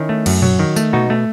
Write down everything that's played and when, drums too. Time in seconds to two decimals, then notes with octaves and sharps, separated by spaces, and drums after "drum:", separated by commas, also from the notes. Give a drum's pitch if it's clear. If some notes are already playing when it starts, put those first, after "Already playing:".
Already playing: D#3 C#4 E4
0.09 A3
0.26 F#2, drum: cymbal
0.42 F#3, drum: tom A#2
0.59 D#3
0.76 A3, drum: tambourine
0.93 B2 D#4 F#4
1.10 A3